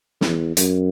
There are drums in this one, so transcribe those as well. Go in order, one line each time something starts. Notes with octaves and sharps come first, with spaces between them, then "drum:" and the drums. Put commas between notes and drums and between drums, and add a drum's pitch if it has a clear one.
E2, drum: snare
F#2, drum: hi-hat